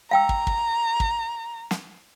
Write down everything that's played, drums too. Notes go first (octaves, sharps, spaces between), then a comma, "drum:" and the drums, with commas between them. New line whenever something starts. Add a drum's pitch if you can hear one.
F5 G5 A#5 E6
drum: kick
drum: kick
drum: kick
drum: snare